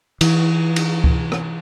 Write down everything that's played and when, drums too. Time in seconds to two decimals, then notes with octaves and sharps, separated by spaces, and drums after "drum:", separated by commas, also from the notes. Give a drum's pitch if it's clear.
0.21 E3, drum: cymbal
0.76 drum: cymbal
1.04 drum: kick C#2
1.32 drum: rim click